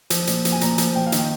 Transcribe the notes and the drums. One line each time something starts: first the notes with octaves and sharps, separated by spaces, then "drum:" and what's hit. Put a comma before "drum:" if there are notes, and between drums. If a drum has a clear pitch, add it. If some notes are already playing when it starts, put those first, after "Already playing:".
F3, drum: hi-hat
A#2, drum: hi-hat
F3, drum: hi-hat
G#5
A#2 A#5, drum: hi-hat
F3, drum: hi-hat
A#2 G5
F5
D#3, drum: hi-hat
G5